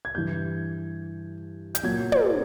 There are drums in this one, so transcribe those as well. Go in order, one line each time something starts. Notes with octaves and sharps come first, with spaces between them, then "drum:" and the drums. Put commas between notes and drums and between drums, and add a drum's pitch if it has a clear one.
G#6
G2 E3 G6
G6, drum: hi-hat
A#2 F#3 G#6
drum: tom